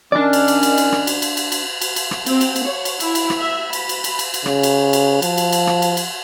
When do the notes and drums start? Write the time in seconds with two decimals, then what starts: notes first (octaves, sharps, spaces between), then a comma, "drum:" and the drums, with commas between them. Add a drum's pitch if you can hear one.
0.12 D#3 C#4 D4 D5
0.33 drum: cymbal
0.48 drum: cymbal
0.63 drum: cymbal
0.78 drum: cymbal
0.92 drum: rim click
1.07 drum: cymbal
1.22 drum: cymbal
1.37 drum: cymbal
1.52 drum: cymbal
1.81 drum: cymbal
1.96 drum: cymbal
2.11 drum: rim click
2.26 C4, drum: cymbal
2.41 drum: cymbal
2.56 drum: cymbal
2.65 C#5
2.85 drum: cymbal
3.00 E4, drum: cymbal
3.15 drum: cymbal
3.30 drum: rim click
3.39 E5
3.73 B5, drum: cymbal
3.89 drum: cymbal
4.04 drum: cymbal
4.19 drum: cymbal
4.34 drum: cymbal
4.46 C#3, drum: rim click
4.63 drum: cymbal
4.93 drum: cymbal
5.22 F3, drum: cymbal
5.38 drum: cymbal
5.52 drum: cymbal
5.67 drum: rim click
5.82 drum: cymbal
5.97 drum: cymbal